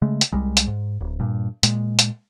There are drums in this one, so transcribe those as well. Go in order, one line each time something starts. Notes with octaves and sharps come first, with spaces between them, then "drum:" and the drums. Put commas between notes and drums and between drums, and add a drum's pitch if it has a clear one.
C#3 G#3 A3
drum: hi-hat
C2 G3 G#3
drum: hi-hat
G#2
D1
G2 A#2
A#2 G#3, drum: hi-hat
drum: hi-hat